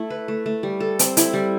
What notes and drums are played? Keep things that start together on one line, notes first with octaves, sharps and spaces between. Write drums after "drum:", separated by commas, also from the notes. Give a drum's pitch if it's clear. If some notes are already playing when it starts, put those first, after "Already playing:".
Already playing: A3 E4
B4
A3
A3
G3
A4
C4, drum: hi-hat
E4, drum: hi-hat
G3